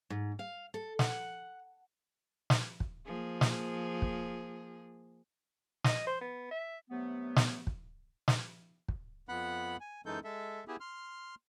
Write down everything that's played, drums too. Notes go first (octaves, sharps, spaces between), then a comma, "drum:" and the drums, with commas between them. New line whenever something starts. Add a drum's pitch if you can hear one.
G#2
F5
A4
F#5, drum: snare
drum: snare
drum: kick
F3 A#3 G#4
drum: snare
drum: kick
D#5, drum: snare
C5
B3
E5
G2 C3 F#3 A3 B3
drum: snare
drum: kick
drum: snare
drum: kick
F2 B3 F#5 B5 F#6
G#5
F#2 E3 G#3 D#4 A4 G6
G#3 A4 E5
B3 E4 G4 G#4
C6 F6